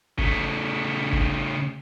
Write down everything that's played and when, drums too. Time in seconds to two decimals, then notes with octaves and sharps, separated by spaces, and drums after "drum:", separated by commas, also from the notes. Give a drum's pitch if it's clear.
0.18 C#3 A3, drum: kick
1.13 drum: kick